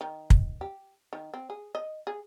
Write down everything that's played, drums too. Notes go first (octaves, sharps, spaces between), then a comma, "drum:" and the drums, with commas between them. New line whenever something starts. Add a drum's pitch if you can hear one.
D#3
drum: kick
G4
D#3
C4
G#4
D#5
G#4